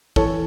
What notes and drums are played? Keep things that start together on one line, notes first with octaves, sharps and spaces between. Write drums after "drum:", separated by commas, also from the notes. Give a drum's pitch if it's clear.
E3 A4 C#5, drum: kick